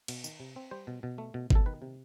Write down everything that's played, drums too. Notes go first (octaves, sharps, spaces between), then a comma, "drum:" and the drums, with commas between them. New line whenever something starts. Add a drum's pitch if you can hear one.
B2, drum: cymbal
D#3, drum: tambourine
C3
C4
G3 C5
B2
B2
A3
B2
B2 A4, drum: kick G1
D#3 B4
C3